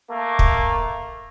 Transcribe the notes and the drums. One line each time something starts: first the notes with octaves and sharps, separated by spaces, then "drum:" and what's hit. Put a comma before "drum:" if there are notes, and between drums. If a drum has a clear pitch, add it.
A3 A#3
drum: kick